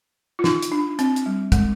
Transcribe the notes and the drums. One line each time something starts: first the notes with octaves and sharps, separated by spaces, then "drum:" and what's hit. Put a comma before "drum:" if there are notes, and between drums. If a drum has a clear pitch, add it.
F4
D#4, drum: snare
drum: hi-hat
D4
C4, drum: hi-hat
drum: hi-hat
G3
G#3, drum: kick, hi-hat